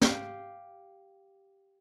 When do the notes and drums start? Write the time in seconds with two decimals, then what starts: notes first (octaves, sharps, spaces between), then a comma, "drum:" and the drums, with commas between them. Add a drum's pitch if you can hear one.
0.01 G4 F5, drum: snare